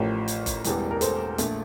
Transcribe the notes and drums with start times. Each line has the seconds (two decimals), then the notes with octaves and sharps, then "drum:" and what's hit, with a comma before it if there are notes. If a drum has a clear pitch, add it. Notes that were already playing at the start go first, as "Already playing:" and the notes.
Already playing: A1 A2 F3 G4 A#4
0.28 drum: hi-hat
0.46 drum: kick F#1, hi-hat
0.64 E1 E2 E3 G3, drum: hi-hat
0.91 A#4
1.01 A4 C5, drum: hi-hat
1.38 A#1 A#2 A3, drum: hi-hat